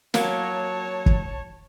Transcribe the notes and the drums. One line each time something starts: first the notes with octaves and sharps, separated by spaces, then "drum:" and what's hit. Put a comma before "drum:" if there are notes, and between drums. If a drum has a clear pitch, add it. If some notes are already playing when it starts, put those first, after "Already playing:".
F#3 A#3 C#5 A5, drum: snare
drum: kick